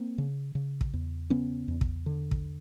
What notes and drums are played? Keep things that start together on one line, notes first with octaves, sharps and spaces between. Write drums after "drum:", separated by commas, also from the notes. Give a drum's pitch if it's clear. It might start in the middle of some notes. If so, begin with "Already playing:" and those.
Already playing: A#3 C4
C#3
C#3
drum: kick
E2
C#3 B3 C#4
E2
drum: kick
D3
drum: kick